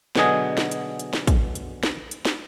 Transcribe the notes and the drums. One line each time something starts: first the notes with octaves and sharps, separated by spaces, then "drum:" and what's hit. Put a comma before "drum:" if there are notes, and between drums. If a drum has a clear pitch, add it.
B2 D3 F#3 G#4 D#5 G#5, drum: snare
drum: snare
drum: hi-hat
drum: hi-hat
drum: snare
drum: kick, hi-hat
drum: hi-hat
drum: snare
drum: hi-hat
drum: snare